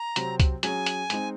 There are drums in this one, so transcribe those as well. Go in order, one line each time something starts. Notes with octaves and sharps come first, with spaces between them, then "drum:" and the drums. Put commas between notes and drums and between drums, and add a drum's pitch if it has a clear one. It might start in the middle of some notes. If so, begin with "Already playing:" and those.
Already playing: A#5
C3 F#3 C4, drum: hi-hat
drum: kick C2, hi-hat
F#3 C#4 G#4 C#5 G#5, drum: hi-hat
drum: hi-hat
G#3 C4 D#4, drum: hi-hat